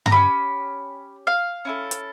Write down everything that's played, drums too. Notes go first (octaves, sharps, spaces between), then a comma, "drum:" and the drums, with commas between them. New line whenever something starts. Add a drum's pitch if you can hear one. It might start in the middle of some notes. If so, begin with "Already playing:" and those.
A#5, drum: tom G2
C#4 E4 G4 B5
F5
C#4 E4 A4
drum: hi-hat